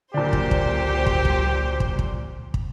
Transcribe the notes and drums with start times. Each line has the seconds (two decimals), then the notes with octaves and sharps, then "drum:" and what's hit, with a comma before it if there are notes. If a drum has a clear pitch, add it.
0.14 C#2 A#2 D3 F#3 D4 G4 C5
0.33 drum: kick
0.51 drum: kick
1.06 drum: kick
1.25 drum: kick
1.80 drum: kick
1.99 drum: kick
2.54 drum: kick